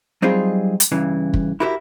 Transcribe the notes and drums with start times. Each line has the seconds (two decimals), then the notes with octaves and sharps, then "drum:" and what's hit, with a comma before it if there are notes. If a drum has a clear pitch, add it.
0.22 F#3 G3 C4 D#4 F4 G#4
0.80 drum: hi-hat
0.92 G2 C#3 E3
1.34 drum: kick
1.60 E4 F#4 G4 A#4 E5